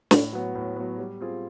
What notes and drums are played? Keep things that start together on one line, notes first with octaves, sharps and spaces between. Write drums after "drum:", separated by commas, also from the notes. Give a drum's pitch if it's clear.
A2, drum: snare
F#3 B3
A2
F#3 B3
G3
C4 F4 G#4